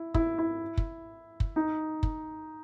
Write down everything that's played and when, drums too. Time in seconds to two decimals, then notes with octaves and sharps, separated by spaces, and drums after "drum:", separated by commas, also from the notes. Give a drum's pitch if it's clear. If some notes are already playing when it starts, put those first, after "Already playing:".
Already playing: E4
0.14 E4, drum: kick
0.38 E4
0.77 drum: kick
1.40 drum: kick
1.56 D#4
2.03 drum: kick